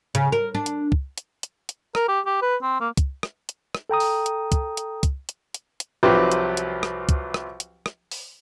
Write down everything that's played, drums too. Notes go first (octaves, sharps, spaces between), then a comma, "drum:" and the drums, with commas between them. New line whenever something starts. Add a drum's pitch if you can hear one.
C#3, drum: hi-hat
A#4
D4
drum: hi-hat
drum: kick
drum: hi-hat
drum: hi-hat
drum: hi-hat
A#4, drum: rim click
G4
G4
B4
C4
A#3
drum: kick, hi-hat
drum: rim click
drum: hi-hat
drum: rim click
A4 G5 A#5 D#6
drum: open hi-hat
drum: hi-hat
drum: kick, hi-hat
drum: hi-hat
drum: kick, hi-hat
drum: hi-hat
drum: hi-hat
drum: hi-hat
C2 F3 F#3 C4 G4 B4
drum: hi-hat
drum: hi-hat
drum: rim click
drum: kick, hi-hat
drum: rim click
drum: hi-hat
drum: rim click
drum: open hi-hat